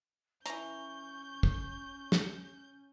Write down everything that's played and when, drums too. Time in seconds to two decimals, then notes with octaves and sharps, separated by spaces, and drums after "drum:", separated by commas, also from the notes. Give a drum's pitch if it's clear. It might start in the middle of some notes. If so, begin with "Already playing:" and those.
0.46 E3 C#4 A#5 C#6 G6, drum: hi-hat
1.43 drum: kick
2.12 drum: snare